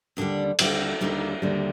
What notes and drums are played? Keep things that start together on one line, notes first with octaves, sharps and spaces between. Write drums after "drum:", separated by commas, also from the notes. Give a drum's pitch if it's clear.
D#2 D3 G3 D4
D#2 D3 G3, drum: cymbal
D#2 D3 G3 D#4
D#2 D3 G3